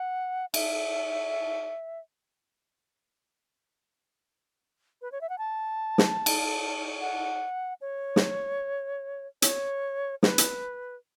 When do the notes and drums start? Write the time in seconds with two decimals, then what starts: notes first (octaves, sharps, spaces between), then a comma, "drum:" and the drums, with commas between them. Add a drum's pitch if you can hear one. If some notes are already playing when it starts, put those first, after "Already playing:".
Already playing: F#5
0.54 E5, drum: cymbal
5.02 B4
5.12 C#5
5.21 E5
5.29 F#5
5.38 A5
5.98 drum: snare
6.26 drum: cymbal
7.01 F#5
7.81 C#5
8.16 drum: snare
9.42 C#5, drum: hi-hat
10.23 B4, drum: snare
10.38 drum: hi-hat